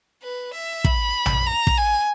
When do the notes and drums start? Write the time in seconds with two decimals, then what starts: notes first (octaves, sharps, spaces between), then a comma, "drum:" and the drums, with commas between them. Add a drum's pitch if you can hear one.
0.23 B4
0.53 E5
0.84 B5, drum: kick
1.26 drum: tom A#1
1.47 A#5
1.67 drum: kick
1.77 G#5